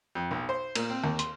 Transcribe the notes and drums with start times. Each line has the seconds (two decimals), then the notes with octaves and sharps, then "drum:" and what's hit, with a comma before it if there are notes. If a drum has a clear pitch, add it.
0.15 F2
0.31 B1
0.49 C5
0.75 A#2, drum: cymbal
0.90 C4
1.04 D#2
1.19 C6, drum: hi-hat